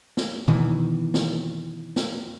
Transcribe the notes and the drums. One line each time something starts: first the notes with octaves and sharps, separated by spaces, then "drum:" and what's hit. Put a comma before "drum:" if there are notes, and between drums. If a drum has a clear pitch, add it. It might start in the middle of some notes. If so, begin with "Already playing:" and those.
drum: snare
B2 D#3 E3, drum: tom B2
drum: snare
drum: snare